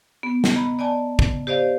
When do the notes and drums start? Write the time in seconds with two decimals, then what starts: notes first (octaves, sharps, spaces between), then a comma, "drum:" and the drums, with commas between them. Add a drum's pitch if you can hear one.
0.23 B3
0.44 drum: snare
0.54 D#5 A#5 B5
0.79 D5 D#5 G#5 A5
1.19 drum: kick
1.47 G4 C5 D5 D#5 F5